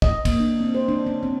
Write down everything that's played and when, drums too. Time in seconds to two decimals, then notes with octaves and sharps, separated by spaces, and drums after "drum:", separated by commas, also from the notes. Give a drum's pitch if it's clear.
0.02 D#5, drum: kick
0.25 A#3, drum: kick, cymbal
0.40 D4
0.61 C4
0.75 C5
0.88 D4
1.07 C#4
1.23 C4